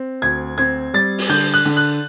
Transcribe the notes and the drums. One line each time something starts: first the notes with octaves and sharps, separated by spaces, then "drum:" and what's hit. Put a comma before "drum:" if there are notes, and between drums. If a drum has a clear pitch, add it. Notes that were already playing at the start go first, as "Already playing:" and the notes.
Already playing: C4
D2 G#6
C4 G#6
G3 A6
drum: open hi-hat
D3 G6
F#6
D3
F#6